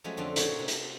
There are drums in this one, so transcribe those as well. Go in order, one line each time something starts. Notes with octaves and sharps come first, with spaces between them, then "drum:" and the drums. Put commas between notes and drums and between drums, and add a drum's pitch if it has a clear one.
F3 F#3 G#3 A3 C#4
F2 D3 A3 F4 F5 A5
A#2 C#3 F4 F#4 C#5 G5, drum: hi-hat
C3
drum: hi-hat